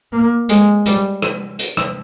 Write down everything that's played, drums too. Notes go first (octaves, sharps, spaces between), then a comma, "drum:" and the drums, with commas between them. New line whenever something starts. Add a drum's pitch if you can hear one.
A#3
G#3, drum: hi-hat
G3, drum: hi-hat
drum: rim click
drum: hi-hat
drum: rim click